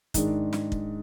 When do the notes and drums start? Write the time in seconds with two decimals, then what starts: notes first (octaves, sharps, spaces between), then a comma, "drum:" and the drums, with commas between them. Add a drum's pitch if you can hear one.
0.14 G#2 D#3 G#3 D4, drum: kick, hi-hat
0.53 drum: snare
0.72 drum: kick